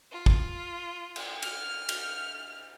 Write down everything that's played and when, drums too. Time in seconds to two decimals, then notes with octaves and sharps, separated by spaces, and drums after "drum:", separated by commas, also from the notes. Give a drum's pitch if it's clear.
0.12 F4
0.26 drum: kick
1.16 drum: cymbal
1.42 F6, drum: cymbal
1.89 drum: cymbal